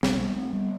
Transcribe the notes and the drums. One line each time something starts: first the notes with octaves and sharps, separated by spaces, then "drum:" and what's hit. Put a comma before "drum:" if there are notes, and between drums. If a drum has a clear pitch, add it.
B1 B2 G3 B3, drum: snare
G3 B3
A3 C4
G3 B3